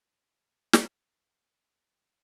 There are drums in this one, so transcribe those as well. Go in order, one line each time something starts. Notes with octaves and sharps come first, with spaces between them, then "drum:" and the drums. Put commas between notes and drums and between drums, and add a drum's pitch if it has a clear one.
C#3 C4 G4
drum: snare